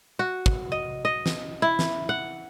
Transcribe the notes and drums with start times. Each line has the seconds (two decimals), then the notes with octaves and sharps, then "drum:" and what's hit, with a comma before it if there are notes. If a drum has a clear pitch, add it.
0.19 F#4
0.46 drum: kick
0.72 D#5
1.05 D#5
1.26 drum: snare
1.62 E4
1.79 drum: snare
2.09 F#5